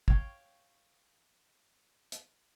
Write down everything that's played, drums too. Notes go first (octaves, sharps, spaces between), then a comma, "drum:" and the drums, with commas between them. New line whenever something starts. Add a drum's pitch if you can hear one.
C#5 F5 G5, drum: kick
drum: hi-hat